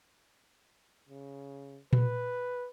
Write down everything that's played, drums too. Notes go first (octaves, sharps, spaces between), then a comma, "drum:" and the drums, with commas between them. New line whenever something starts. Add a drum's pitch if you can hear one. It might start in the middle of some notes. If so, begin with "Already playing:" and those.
C#3
B4, drum: tom A#2